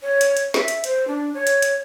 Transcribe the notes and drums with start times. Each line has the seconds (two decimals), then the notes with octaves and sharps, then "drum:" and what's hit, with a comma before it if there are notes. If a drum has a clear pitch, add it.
0.03 C#5
0.21 drum: hi-hat
0.37 drum: hi-hat
0.54 E5, drum: snare
0.68 drum: hi-hat
0.84 C5, drum: hi-hat
1.08 D4
1.34 C#5
1.47 drum: hi-hat
1.62 drum: hi-hat